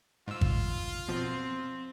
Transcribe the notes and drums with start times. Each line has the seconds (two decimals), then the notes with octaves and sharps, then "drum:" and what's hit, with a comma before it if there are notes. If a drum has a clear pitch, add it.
0.28 G#2 F4 E6
0.41 drum: kick
1.08 B2 F3 C4